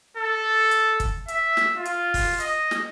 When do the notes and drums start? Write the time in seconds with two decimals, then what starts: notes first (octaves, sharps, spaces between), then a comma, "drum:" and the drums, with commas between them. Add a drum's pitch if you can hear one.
0.17 A4
0.71 drum: hi-hat
1.00 drum: kick, hi-hat
1.28 E5, drum: hi-hat
1.57 drum: snare
1.76 F4
1.85 drum: hi-hat
2.14 drum: kick, open hi-hat
2.40 D#5, drum: hi-hat
2.71 drum: snare